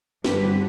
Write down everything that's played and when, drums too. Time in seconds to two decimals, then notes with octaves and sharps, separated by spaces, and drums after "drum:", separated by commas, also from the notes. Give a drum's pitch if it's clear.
0.24 G2 D3 F3 G4 B4, drum: snare